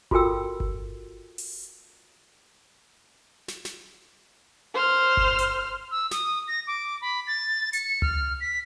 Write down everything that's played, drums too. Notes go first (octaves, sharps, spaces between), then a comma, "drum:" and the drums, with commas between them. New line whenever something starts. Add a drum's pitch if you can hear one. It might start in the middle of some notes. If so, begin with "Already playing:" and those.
F4 F#4 A4 A#4 G5 E6, drum: kick G1
drum: kick G1
drum: open hi-hat
drum: snare
drum: snare
C5 F6
drum: kick G1
drum: hi-hat
E6
D#6, drum: snare
A#6
D6
B5
A6
C#7, drum: hi-hat
F6, drum: tom C#2
B6